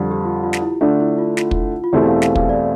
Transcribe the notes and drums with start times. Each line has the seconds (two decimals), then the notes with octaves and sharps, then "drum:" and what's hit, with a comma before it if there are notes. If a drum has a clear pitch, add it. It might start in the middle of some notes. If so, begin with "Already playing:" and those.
Already playing: F2 D3 G3
0.11 G4
0.25 F4
0.44 F4
0.53 drum: snare
0.62 E4
0.81 D3 A3 D4 F4
1.00 E4
1.18 F4
1.37 F4, drum: snare
1.51 drum: kick
1.84 F4
1.93 E2 B2 A3 C4 E4 G4
2.07 F5
2.22 F5, drum: snare
2.35 F5, drum: kick
2.49 D5